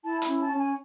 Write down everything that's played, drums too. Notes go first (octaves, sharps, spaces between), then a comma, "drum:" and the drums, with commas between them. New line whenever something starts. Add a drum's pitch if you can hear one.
E4 A5
B5, drum: hi-hat
C#4
A5
C#4
G#5